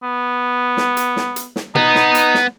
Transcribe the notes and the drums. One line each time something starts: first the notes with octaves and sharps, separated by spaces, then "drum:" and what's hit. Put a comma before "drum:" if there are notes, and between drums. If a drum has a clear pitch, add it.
B3
drum: snare
drum: hi-hat
drum: snare
drum: hi-hat
drum: snare
B3 D#4, drum: tom B2
drum: snare
drum: hi-hat
drum: snare